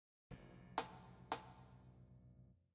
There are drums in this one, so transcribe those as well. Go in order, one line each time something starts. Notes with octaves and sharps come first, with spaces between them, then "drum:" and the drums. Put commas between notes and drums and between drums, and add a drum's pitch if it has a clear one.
F1 B1 F2 A2
drum: hi-hat
drum: hi-hat